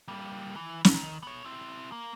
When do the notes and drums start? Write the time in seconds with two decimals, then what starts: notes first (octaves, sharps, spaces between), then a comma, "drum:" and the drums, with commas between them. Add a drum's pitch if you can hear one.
0.08 G3 A#3
0.56 E3
0.85 drum: snare
0.94 D#3
1.23 B3 C#5
1.44 C4 E4
1.92 A#3